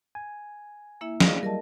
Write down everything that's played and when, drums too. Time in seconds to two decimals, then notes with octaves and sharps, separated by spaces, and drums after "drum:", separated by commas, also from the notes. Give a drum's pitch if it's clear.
0.15 G#5
1.01 A#3 E4 E5
1.20 G#4 D5 D#5 F5, drum: snare
1.43 F#3 G3 A#4 D#5 A5